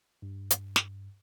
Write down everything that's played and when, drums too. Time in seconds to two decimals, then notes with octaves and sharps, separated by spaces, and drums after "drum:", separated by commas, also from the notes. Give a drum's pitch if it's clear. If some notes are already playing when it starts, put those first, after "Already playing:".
0.22 G2
0.51 drum: hi-hat
0.76 drum: snare